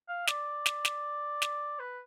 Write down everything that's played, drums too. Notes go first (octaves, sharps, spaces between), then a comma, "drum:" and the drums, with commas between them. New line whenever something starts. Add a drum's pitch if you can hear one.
F5
D5, drum: snare
drum: snare
drum: snare
drum: snare
B4